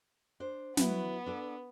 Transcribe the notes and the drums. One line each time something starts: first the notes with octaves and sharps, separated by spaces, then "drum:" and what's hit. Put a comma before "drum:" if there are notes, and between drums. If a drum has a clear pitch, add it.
D4 C5
F#3 B3 C#4 E4, drum: snare
D4 A4 D5